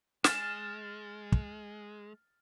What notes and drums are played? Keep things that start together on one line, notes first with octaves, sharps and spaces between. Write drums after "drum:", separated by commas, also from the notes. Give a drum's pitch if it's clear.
G#3 F6 A6 E7, drum: snare
drum: kick